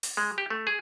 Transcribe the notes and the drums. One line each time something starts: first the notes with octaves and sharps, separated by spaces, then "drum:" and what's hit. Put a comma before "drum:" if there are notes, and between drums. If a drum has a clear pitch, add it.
drum: open hi-hat
G#3
G4
A3
G#4